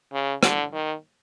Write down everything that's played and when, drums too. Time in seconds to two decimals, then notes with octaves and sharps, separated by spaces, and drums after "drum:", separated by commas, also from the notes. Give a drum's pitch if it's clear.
0.13 C#3
0.43 D3, drum: rim click
0.73 D#3